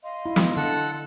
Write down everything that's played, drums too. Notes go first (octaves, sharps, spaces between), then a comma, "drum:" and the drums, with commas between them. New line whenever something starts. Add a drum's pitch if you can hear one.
D#5 F5 C6
E4
drum: snare
D3 A4 F#5 E6